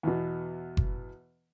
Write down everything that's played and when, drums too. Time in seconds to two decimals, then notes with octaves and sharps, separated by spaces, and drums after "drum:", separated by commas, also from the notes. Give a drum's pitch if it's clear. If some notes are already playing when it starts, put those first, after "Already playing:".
0.03 E2 B2
0.77 drum: kick F#1